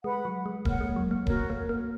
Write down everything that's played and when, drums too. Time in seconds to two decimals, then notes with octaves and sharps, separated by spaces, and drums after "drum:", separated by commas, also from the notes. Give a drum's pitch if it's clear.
0.04 G#3 B4 F#5 B5
0.25 F#3
0.46 G#3
0.65 A#3 A#4 C#5 F#5, drum: kick D#1
0.81 G#3
0.96 F#3
1.11 A#3
1.27 A#3 F#4 A#4 C#5, drum: kick D#1
1.50 A#3
1.69 A#3